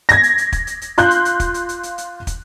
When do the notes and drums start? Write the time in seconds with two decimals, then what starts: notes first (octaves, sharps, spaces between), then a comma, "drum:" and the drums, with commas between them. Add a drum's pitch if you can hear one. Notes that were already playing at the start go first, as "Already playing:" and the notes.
0.09 G#6 A#6, drum: hi-hat
0.23 drum: hi-hat
0.38 drum: hi-hat
0.52 drum: kick, hi-hat
0.67 drum: hi-hat
0.82 drum: hi-hat
0.98 F4 C6 F#6 G6, drum: hi-hat
1.11 drum: hi-hat
1.25 drum: hi-hat
1.40 drum: kick, hi-hat
1.54 drum: hi-hat
1.69 drum: hi-hat
1.83 drum: hi-hat
1.98 drum: hi-hat
2.27 drum: kick, hi-hat